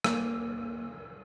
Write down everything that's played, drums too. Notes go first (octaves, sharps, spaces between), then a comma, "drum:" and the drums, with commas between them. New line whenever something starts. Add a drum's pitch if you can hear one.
A#3, drum: rim click